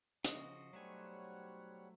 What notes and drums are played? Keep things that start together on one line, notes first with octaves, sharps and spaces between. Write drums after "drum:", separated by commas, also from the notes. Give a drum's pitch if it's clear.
C#3 F3 F#4 D#5, drum: hi-hat
B1 F#3 G3 A3 C5 C#5 F#5 G#5